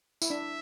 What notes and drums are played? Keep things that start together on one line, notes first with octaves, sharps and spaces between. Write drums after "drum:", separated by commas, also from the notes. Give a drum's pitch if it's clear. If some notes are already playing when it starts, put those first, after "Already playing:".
E4, drum: tambourine
D4 E5